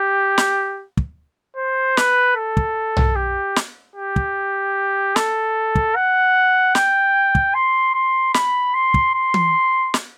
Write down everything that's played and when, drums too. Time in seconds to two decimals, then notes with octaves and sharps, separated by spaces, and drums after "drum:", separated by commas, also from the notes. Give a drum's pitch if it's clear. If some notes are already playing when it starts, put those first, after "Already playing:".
Already playing: G4
0.38 drum: snare
0.97 drum: kick
1.57 C5
1.97 B4, drum: snare
2.37 A4
2.57 drum: kick
2.97 drum: tom B1
3.16 G4
3.56 drum: snare
3.96 G4
4.16 drum: kick
5.16 A4, drum: snare
5.75 drum: kick
5.96 F#5
6.75 G5, drum: snare
7.35 drum: kick
7.55 C6
7.94 C6
8.34 B5, drum: snare
8.74 C6
8.94 drum: kick
9.14 C6
9.34 drum: tom E3
9.94 drum: snare